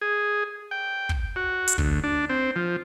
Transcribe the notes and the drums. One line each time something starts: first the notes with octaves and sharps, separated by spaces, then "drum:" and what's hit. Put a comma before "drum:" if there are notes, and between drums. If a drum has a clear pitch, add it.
G#4
G5
drum: kick
F#4
drum: hi-hat
D2, drum: kick
D4
C4
F3